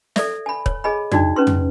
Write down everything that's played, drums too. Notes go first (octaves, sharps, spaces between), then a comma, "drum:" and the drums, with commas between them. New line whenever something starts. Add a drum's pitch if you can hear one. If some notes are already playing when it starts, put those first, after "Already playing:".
A4 D5 E5, drum: snare
G#5 B5
C#5, drum: kick
G#4 D#5 G#5 B5
D4 D#4 F#4 D5, drum: tom
C#4 B4 C6
drum: tom